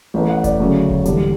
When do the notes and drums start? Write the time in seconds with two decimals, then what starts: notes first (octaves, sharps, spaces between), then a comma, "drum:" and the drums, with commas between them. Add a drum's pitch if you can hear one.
0.14 A1 A2 E3 A3
0.29 F#5
0.44 D5, drum: kick F1, hi-hat
0.60 D2 C#3 F#3 A3
0.90 drum: kick F1
1.05 E1 E2 D3 G3, drum: hi-hat